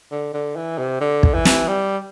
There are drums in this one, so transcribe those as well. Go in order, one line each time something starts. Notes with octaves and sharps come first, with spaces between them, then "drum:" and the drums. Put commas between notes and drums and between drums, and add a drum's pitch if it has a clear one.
D3
D3
E3
C3
D3
drum: kick
E3
drum: snare
G3